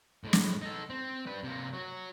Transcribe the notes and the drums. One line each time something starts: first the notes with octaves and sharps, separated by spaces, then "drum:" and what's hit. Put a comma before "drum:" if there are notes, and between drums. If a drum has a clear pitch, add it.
A2 G#3
drum: snare
D#4 A4
C4
G3 B4
C3 A#3
F#3 F#4